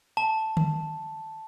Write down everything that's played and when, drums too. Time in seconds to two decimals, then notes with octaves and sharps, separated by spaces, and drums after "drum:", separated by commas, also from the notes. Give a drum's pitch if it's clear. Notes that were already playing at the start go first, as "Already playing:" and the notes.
0.17 A5
0.57 drum: tom D3